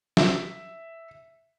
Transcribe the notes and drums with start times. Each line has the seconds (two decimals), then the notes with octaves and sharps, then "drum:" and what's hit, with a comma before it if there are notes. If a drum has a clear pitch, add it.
0.17 E5, drum: snare